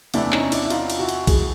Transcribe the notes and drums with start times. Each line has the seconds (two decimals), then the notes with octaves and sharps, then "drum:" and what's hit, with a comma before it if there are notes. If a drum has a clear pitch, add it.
0.14 E2 C3 E3 A3 D4 E4, drum: cymbal
0.32 C#4 D#4, drum: clap
0.52 D4 E4, drum: cymbal
0.65 E4
0.70 D#4 F4, drum: cymbal
0.90 drum: cymbal
0.99 E4 F#4
1.09 drum: cymbal
1.27 F#4 G#4, drum: kick, cymbal